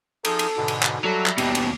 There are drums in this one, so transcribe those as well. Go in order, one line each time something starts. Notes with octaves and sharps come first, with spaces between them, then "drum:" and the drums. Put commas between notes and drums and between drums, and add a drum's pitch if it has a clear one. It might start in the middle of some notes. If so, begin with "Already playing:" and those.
F3 D#4 G#4 A4, drum: cymbal
drum: cymbal
G#2 B2 D3
drum: cymbal
drum: clap
F#3 G3 A4 E5 A#5
drum: clap
D#2 B2 G4, drum: cymbal
drum: cymbal